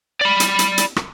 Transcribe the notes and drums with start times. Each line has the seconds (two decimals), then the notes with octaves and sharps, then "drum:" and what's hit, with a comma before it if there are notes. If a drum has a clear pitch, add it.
0.21 D5 B5
0.40 drum: hi-hat
0.59 drum: hi-hat
0.78 drum: hi-hat
0.96 drum: rim click